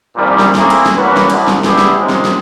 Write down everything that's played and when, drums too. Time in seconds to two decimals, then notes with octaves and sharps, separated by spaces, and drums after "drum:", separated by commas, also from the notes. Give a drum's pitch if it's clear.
0.15 C2 A#2 D#3 F3 G3
0.39 drum: snare
0.55 A3 A#3 C4 E4 G#4, drum: snare
0.70 drum: cymbal
0.86 drum: snare
0.96 E2 G2 A#3 C#4 F#4 B4
1.17 drum: snare
1.30 C2, drum: cymbal
1.48 drum: snare
1.64 G3 A3 B3 E4 G4 G#4, drum: snare
1.78 drum: snare
1.98 C3 D#3 F3 F#3 G#3
2.09 drum: snare
2.25 drum: snare